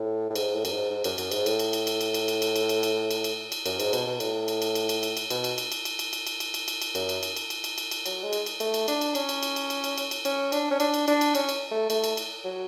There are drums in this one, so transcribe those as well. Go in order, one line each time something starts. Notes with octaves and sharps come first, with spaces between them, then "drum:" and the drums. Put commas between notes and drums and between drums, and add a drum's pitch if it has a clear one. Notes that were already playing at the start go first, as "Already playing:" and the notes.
Already playing: A2
A2
G#2, drum: cymbal
A2
F#2, drum: cymbal
G#2
G#2
F#2, drum: cymbal
F#2, drum: cymbal
G#2, drum: cymbal
A2, drum: cymbal
drum: cymbal
drum: cymbal
drum: cymbal
drum: cymbal
drum: cymbal
drum: cymbal
drum: cymbal
drum: cymbal
drum: cymbal
drum: cymbal
drum: cymbal
drum: cymbal
drum: cymbal
F#2, drum: cymbal
G#2, drum: cymbal
B2, drum: cymbal
B2
A2, drum: cymbal
drum: cymbal
drum: cymbal
drum: cymbal
drum: cymbal
drum: cymbal
drum: cymbal
B2, drum: cymbal
drum: cymbal
drum: cymbal
drum: cymbal
drum: cymbal
drum: cymbal
drum: cymbal
drum: cymbal
drum: cymbal
drum: cymbal
drum: cymbal
drum: cymbal
F#2, drum: cymbal
drum: cymbal
drum: cymbal
drum: cymbal
drum: cymbal
drum: cymbal
drum: cymbal
drum: cymbal
F#3, drum: cymbal
G#3
drum: cymbal
drum: cymbal
A3, drum: cymbal
drum: cymbal
D4, drum: cymbal
drum: cymbal
C#4, drum: cymbal
drum: cymbal
drum: cymbal
drum: cymbal
drum: cymbal
drum: cymbal
drum: cymbal
drum: cymbal
C#4, drum: cymbal
D4, drum: cymbal
C#4
D4, drum: cymbal
drum: cymbal
D4, drum: cymbal
drum: cymbal
C#4, drum: cymbal
drum: cymbal
A3
A3, drum: cymbal
drum: cymbal
drum: cymbal
F#3